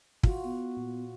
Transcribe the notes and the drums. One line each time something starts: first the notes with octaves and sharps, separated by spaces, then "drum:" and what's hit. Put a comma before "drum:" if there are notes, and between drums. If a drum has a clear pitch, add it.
F4 F#4, drum: kick
B3
A#2